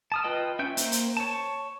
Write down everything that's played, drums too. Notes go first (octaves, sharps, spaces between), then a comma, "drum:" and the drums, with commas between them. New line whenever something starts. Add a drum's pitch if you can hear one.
A5 D#6 F6
F4 B4 D#5 G5
C#4 E5 G5 G6
A#3 C5, drum: hi-hat
drum: hi-hat
C#5 A5